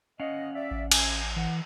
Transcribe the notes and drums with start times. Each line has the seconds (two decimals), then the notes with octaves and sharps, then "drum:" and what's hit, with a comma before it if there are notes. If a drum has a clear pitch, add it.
0.20 C#4 D#5 F5 F#5
0.55 D5 E5
0.71 A1
0.92 G#5, drum: cymbal
1.36 E3 F#5